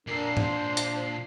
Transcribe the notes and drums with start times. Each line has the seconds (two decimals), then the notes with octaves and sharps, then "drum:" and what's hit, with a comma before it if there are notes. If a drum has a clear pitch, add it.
0.07 A#2 D4 A4 A#4 C7
0.37 C5, drum: tom G#2
0.77 drum: hi-hat